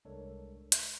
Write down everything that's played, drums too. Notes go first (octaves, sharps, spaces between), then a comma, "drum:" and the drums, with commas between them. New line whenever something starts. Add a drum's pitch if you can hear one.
C2 G#3 D4 A4 A#4 C#5
B6, drum: hi-hat